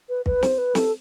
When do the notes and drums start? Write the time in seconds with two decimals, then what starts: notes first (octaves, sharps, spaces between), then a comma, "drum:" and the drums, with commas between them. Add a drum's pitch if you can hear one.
0.09 B4
0.26 B4, drum: kick
0.43 C5, drum: snare
0.58 B4
0.75 A4, drum: snare